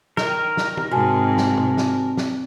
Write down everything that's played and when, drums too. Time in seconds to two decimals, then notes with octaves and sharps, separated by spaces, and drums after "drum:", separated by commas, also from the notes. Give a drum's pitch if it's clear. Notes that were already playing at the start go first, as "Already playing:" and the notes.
0.17 D#3 A#4, drum: snare
0.57 drum: snare
0.77 drum: tom
0.91 G#2 C3 F#4 G#5 A5
1.37 drum: snare
1.57 drum: tom
1.77 drum: snare
2.17 drum: snare